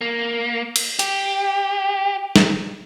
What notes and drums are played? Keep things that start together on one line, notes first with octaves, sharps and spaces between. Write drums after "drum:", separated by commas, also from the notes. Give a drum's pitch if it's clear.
A#3
drum: cymbal
G4, drum: hi-hat
drum: snare